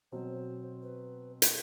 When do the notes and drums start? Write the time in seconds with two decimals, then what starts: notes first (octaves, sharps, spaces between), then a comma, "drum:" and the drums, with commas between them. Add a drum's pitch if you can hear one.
0.12 B2 F#3 C4 F#4 C5
0.82 B4
1.42 drum: hi-hat